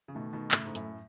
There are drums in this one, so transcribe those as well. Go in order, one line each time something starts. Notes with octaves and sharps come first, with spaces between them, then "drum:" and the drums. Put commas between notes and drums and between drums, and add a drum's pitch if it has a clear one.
C#3
B2 D#3 A3
B2 D#3
A2 C#3, drum: clap
G#2
F#2 A2, drum: hi-hat